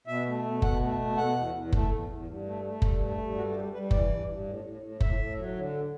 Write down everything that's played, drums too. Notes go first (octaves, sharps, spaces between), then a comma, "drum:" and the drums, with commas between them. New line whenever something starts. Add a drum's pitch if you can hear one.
B2 E5
A3
B2
B2 F#5, drum: kick F#1
A3
B2
B2 F#5
E2
E2
A3, drum: kick F#1
E2
E2
G2
A3
A3
G2, drum: kick F#1
A3
G2
G3 F#4
A4
G3 G4
G3 B4
E3 D5, drum: kick F#1
G2
G2
A2
A2
A2
A2 E5, drum: kick F#1
A2
F#3
D3